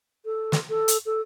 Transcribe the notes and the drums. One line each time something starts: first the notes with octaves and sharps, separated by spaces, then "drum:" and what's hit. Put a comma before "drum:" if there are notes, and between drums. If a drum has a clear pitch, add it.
A4
drum: snare
A4
drum: hi-hat
A4